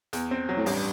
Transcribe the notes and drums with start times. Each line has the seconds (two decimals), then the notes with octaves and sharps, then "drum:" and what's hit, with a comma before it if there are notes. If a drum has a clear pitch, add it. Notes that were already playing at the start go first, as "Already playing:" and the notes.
0.13 E2, drum: hi-hat
0.31 C4
0.49 F#3
0.57 A2
0.66 A1 G2, drum: open hi-hat